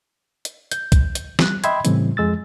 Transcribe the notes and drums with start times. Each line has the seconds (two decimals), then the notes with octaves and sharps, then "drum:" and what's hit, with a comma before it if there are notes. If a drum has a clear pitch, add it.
0.45 drum: hi-hat
0.71 G6, drum: hi-hat
0.92 drum: kick B1, hi-hat
1.15 drum: hi-hat
1.39 G3 F#6, drum: snare
1.64 D#5 E5 G5 B5 C6 G#6, drum: hi-hat
1.85 A2 C#3 E3 G3 C4, drum: hi-hat
2.17 F2 G#3 E6 A6